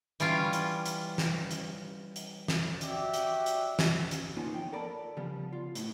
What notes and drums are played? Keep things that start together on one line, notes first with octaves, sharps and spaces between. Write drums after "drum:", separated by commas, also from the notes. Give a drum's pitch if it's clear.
E3 G3 C#4 F4, drum: hi-hat
drum: hi-hat
drum: hi-hat
drum: snare
drum: hi-hat
drum: hi-hat
drum: snare
F#4 G4 D5 E5, drum: hi-hat
drum: hi-hat
drum: hi-hat
drum: snare
drum: hi-hat
A#3 B3 C#4 D#4 F4
F3 G5
A4 A#4 D5 A5 B5
C#3 F3 G3 B3
F4
A2 B3 E4, drum: hi-hat